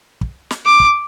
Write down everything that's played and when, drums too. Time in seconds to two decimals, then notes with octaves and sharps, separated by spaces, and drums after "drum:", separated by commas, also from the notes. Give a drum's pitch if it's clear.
0.21 drum: kick
0.51 drum: snare
0.66 D6
0.80 drum: kick